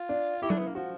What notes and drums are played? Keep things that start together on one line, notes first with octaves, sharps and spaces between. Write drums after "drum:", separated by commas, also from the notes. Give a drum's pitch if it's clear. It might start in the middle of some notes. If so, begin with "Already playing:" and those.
Already playing: F4
D4
E4 G4
D4, drum: tom F#3
B3
A#3
F3 F#4